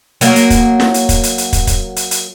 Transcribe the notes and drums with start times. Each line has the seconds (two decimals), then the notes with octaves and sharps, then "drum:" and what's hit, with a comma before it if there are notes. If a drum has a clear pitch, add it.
0.21 F#3 A#3, drum: hi-hat
0.36 drum: hi-hat
0.50 drum: kick, hi-hat
0.80 drum: snare
0.94 drum: hi-hat
1.09 drum: kick, hi-hat
1.23 drum: hi-hat
1.38 drum: hi-hat
1.53 drum: kick, hi-hat
1.67 drum: kick, hi-hat
1.96 drum: hi-hat
2.11 drum: hi-hat